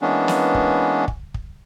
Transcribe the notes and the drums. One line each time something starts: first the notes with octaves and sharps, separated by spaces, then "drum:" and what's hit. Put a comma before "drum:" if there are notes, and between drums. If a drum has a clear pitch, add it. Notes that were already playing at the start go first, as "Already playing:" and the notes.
E3 G#3 A#3 B3 C#4 D4
drum: snare
drum: kick
drum: kick
drum: kick